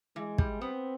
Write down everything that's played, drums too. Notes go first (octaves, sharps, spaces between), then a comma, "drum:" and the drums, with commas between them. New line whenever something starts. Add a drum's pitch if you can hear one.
E3 G#3
G3, drum: kick
B3 C4